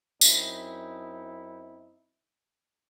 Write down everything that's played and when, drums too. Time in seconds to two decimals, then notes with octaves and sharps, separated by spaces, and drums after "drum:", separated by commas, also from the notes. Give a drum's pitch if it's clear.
0.21 F#2 C4 D#4 E4, drum: tambourine